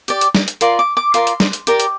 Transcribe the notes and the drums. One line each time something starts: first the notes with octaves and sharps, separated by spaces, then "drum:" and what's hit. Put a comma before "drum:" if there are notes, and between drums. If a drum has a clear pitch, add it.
G4 D5, drum: hi-hat
drum: hi-hat
drum: snare
drum: hi-hat
F4 A#4 D5 C6, drum: hi-hat
D6
D6
F4 A#4 D5 C6, drum: hi-hat
drum: hi-hat
drum: snare
drum: hi-hat
G4 A#4 D5, drum: hi-hat
drum: hi-hat